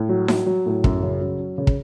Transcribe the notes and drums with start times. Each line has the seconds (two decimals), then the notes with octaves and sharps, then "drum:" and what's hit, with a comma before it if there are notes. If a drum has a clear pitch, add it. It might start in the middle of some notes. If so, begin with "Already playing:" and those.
Already playing: A2
0.09 F#3
0.28 F#3, drum: snare D#4
0.46 F#3
0.66 A2
0.84 F#2, drum: kick
1.03 C#3
1.21 F#3
1.40 C#4
1.58 C#3
1.67 drum: kick